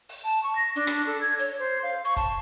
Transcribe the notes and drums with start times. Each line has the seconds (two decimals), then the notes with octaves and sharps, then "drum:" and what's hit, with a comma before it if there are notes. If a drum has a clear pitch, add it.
0.09 drum: open hi-hat
0.24 A5
0.43 C#6
0.56 A#6
0.76 D4, drum: hi-hat
0.87 drum: rim click
1.06 A4
1.21 G#6
1.39 C#5, drum: hi-hat
1.59 C5
1.83 F5
2.05 C#6, drum: hi-hat
2.17 A5, drum: kick, hi-hat